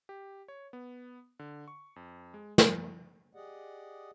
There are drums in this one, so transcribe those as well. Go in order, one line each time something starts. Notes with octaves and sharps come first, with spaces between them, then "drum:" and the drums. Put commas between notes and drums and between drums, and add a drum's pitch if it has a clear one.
G4
C#5
B3
D3
C#6
F2
G#3
C5, drum: snare
G4 G#4 D5 D#5 F#5